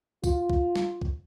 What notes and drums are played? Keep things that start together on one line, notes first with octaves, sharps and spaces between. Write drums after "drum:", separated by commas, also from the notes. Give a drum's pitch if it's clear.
F4, drum: kick, tambourine
drum: kick
drum: snare
drum: kick